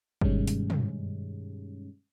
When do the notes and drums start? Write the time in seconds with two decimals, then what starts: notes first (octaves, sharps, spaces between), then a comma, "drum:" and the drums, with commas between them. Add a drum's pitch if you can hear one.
0.21 G2 B2 D#3 G3 G#3 C#4, drum: kick
0.47 drum: hi-hat
0.70 drum: tom